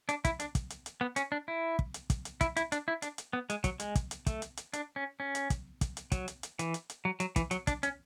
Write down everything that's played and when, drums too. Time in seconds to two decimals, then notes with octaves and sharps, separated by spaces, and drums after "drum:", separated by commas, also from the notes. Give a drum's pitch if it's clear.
0.09 D4, drum: hi-hat
0.25 E4, drum: kick, hi-hat
0.40 D4, drum: hi-hat
0.55 drum: kick, hi-hat
0.70 drum: hi-hat
0.86 drum: hi-hat
1.01 B3
1.16 C#4, drum: hi-hat
1.32 D4
1.48 E4
1.79 drum: kick
1.94 drum: hi-hat
2.10 drum: kick, hi-hat
2.25 drum: hi-hat
2.41 E4, drum: kick, hi-hat
2.57 E4, drum: hi-hat
2.72 D4, drum: hi-hat
2.88 E4
3.02 D4, drum: hi-hat
3.18 drum: hi-hat
3.33 B3
3.50 G#3, drum: hi-hat
3.64 F#3, drum: kick, hi-hat
3.80 G#3, drum: hi-hat
3.95 drum: kick, hi-hat
4.11 drum: hi-hat
4.26 A3, drum: kick, hi-hat
4.42 drum: hi-hat
4.57 drum: hi-hat
4.73 D4, drum: hi-hat
4.96 C#4
5.20 C#4
5.35 drum: hi-hat
5.50 drum: kick, hi-hat
5.81 drum: kick, hi-hat
5.97 drum: hi-hat
6.12 F#3, drum: kick, hi-hat
6.28 drum: hi-hat
6.43 drum: hi-hat
6.59 E3, drum: hi-hat
6.74 drum: hi-hat
6.90 drum: hi-hat
7.05 F#3
7.20 F#3, drum: hi-hat
7.36 E3, drum: kick, hi-hat
7.51 F#3, drum: hi-hat
7.67 D4, drum: kick, hi-hat
7.83 C#4, drum: hi-hat